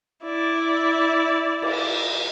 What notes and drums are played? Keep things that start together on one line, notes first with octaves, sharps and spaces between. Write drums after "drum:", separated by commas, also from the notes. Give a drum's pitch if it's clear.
E4 D5
drum: cymbal